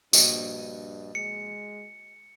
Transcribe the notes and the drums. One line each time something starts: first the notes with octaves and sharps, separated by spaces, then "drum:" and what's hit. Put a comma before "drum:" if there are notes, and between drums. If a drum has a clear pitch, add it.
A#1 G2 F#4 D#5 G#5, drum: tambourine
G#3 C#7